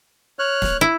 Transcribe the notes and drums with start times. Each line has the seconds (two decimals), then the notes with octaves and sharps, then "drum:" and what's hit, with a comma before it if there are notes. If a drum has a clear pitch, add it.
0.39 C#5 F6 F#6
0.62 drum: snare
0.81 E4